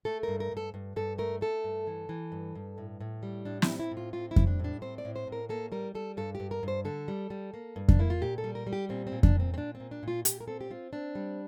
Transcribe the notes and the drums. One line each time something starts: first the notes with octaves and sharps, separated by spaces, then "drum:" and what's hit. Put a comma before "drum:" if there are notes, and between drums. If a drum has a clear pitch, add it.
A3 A4
G2 A#4
A#4
G2
A4
G2
G2 A4
A3 A#4
A3 A4
G2
E3
E3
G2
G2
A2
A2
G3
A2 D4
E4, drum: snare
C4
E4
A2
F4
C4 F4
E4
G3, drum: kick F2
D4
A2 D4
C4 C5
D5
A2
C5
A2
A#4
A#3 A4
G3 A#4
G3 A4
G2 A4
G4
G2
A#4
G2 C5
D3 A4
G3
G3
A#3
G2
D4, drum: kick F2
A#3 E4
F4
A#2 G4
A4
G3
A#4
G3
G4
A#2 C4
C4
A#2
D4, drum: kick F2
A#2 C4
C4
A#2 D4
C4
A#2
D4
A#2 F4
A#2 G4, drum: hi-hat
A#4
C4 A4
G4
C4 F4
C4 D4
G3